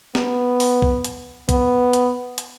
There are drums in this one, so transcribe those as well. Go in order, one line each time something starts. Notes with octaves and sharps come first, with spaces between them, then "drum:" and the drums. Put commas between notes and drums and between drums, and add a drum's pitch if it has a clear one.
B3, drum: snare
drum: open hi-hat
drum: kick
drum: hi-hat
B3, drum: kick, hi-hat
drum: hi-hat
drum: hi-hat